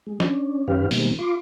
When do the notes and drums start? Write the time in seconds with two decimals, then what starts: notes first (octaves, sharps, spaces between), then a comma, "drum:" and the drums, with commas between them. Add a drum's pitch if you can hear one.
0.07 G#3
0.20 C#4 D4, drum: snare
0.68 F#2 D#3 C#4 G4 B4 F5
0.91 B2 D#3 G3 G#3 A#3 C4, drum: open hi-hat
1.19 F4 C6 D6